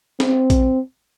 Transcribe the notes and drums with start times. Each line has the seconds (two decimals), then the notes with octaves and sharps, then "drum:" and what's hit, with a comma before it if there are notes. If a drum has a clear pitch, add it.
0.20 C4, drum: snare
0.50 drum: kick A#1, hi-hat